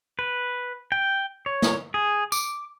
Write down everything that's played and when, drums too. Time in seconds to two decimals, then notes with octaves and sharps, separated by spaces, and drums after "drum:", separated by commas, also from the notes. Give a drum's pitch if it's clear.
0.19 B4
0.92 G5
1.46 C#5
1.62 drum: snare
1.94 G#4
2.32 D6, drum: tambourine